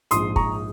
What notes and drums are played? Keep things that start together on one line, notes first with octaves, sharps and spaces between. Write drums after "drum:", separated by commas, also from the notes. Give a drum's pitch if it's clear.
A#1 G#2 F3 C6 D#6, drum: hi-hat
A#5 C#6, drum: kick